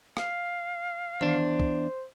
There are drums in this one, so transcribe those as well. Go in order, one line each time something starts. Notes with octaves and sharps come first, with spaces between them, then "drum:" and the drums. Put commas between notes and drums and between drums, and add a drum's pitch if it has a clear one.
F5, drum: rim click
E2 D4 C5, drum: tom D#3
drum: kick